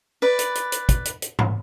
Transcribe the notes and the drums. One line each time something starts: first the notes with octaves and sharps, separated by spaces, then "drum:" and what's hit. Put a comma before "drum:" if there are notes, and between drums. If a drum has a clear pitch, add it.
B4 D5
drum: hi-hat
drum: hi-hat
drum: hi-hat
drum: kick, hi-hat
drum: hi-hat
drum: hi-hat
drum: tom G#2